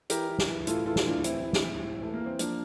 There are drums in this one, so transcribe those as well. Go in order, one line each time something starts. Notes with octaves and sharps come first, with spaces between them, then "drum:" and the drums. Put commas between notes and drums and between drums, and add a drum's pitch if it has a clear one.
E3 G4 A#4, drum: hi-hat
E3
drum: snare
E3
A2 F4 A4, drum: hi-hat
E3 F4 A4
drum: snare
A2 D4 F4
E3 C4 E4, drum: hi-hat
E3
drum: snare
A2
A2
E3 A3
A#3
E3
C4
F3 A#3 D4, drum: hi-hat